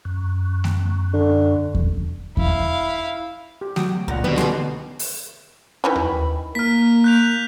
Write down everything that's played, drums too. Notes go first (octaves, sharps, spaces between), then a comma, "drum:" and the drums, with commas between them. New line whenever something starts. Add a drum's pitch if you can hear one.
F#2
drum: snare A3
D3
drum: kick E2
E4 F5, drum: kick E2
G4
F#3 F#4 G5 D#6, drum: snare A3
C#2 A#2 F#5 A#5
D3 D#3 G3 B3 F#4 B4
C#4 D#4 G4 G#4 C6, drum: snare A3
drum: open hi-hat
D#3 E3 C#4 B5
drum: tom D#2
A#3 A#4 F6 B6
F#6 G6 F7